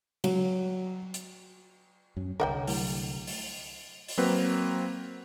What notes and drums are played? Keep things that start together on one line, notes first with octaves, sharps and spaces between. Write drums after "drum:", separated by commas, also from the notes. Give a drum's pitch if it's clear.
F#3, drum: cymbal
drum: hi-hat
F#2 C#4
C2 D3 A#4 C#5 D#5 F#5 G5
F#3 A3 E4, drum: open hi-hat
drum: open hi-hat
drum: open hi-hat
F#3 A#3 C4 B4